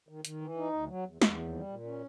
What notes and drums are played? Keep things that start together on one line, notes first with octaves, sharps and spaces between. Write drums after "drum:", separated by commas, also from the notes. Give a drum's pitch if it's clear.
D#3
D#3, drum: hi-hat
E3
D#4
D2
F#3
E2
E2, drum: snare
D#2
G3
A#2
C#4